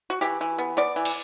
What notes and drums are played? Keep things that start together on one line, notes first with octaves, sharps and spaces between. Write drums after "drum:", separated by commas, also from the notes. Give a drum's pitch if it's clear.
F#4
E3 G4
E3
B3
B3 D5
E3
drum: cymbal